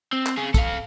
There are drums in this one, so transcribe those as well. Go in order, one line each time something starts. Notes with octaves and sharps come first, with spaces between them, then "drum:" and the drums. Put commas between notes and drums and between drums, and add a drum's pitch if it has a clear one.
C4
drum: clap
C#3 G#4
A4 F5, drum: kick, hi-hat